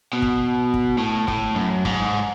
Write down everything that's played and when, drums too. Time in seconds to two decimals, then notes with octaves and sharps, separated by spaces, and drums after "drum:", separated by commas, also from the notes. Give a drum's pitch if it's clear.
0.13 B2
0.22 drum: kick
0.74 drum: kick
0.98 A2
1.28 A2, drum: kick
1.55 F#2
1.85 G#2, drum: kick